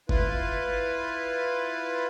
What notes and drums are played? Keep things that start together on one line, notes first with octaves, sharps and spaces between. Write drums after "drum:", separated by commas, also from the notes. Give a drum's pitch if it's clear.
E4 F4 B4, drum: kick F#1